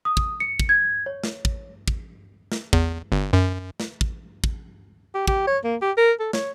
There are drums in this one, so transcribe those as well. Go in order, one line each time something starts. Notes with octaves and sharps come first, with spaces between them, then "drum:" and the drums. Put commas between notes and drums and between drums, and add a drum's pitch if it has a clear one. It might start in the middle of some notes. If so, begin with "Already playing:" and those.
D#6
drum: kick
C#7
drum: kick
G#6
C#5
drum: snare
drum: kick
drum: kick
drum: snare
E2, drum: kick
G1
F#2
drum: snare
drum: kick
drum: kick
G4
G4, drum: kick
C#5
A#3
G4
A#4
A4
C#5, drum: snare